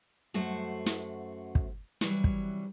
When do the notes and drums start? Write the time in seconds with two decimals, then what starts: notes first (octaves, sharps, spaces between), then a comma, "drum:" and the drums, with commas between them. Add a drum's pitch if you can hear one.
0.34 F#2 A3 F#4 C5
0.86 drum: snare
1.55 drum: kick
2.01 C3 E3 F#3 G3, drum: snare
2.24 drum: kick